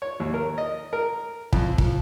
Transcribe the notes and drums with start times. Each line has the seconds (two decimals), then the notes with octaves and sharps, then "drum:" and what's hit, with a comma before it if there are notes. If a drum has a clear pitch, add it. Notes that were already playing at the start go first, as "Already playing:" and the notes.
0.02 C#5
0.20 D#2
0.34 A#4
0.58 D#5
0.93 A#4
1.53 F2, drum: kick
1.78 F3, drum: kick